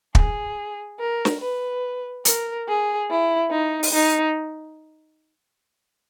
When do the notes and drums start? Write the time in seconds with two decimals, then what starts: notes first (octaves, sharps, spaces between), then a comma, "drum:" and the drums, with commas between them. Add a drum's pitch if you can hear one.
0.15 G#4, drum: kick
0.99 A#4
1.25 drum: snare
1.41 B4
2.25 A#4, drum: hi-hat
2.68 G#4
3.09 E4
3.51 D#4
3.83 drum: open hi-hat
3.92 D#4